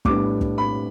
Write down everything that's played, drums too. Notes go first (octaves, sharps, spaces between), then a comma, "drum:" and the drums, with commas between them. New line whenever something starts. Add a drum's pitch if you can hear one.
A2 G3 B3 D4 D6, drum: kick
drum: kick
B5